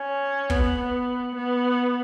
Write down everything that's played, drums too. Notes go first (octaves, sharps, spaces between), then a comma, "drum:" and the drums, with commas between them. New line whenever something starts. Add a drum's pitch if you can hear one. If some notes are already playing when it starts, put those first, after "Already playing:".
Already playing: C#4
B3, drum: kick
B3
B3